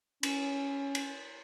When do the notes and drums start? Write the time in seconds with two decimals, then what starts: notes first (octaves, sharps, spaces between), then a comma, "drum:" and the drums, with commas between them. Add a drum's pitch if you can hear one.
0.23 C#4, drum: cymbal
0.95 drum: cymbal